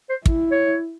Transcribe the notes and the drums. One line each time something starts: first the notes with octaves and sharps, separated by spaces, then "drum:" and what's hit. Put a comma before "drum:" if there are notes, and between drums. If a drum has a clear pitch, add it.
C5
E4, drum: kick
C#5